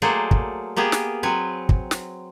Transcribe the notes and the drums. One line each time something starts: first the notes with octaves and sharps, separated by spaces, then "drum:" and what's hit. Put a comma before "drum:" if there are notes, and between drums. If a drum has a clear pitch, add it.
F#3 A3 A#3 G#4 C5 D5
drum: kick
A#3 B3 G4 G#4
drum: snare
F#3 C4 B4 G#5
drum: kick
drum: snare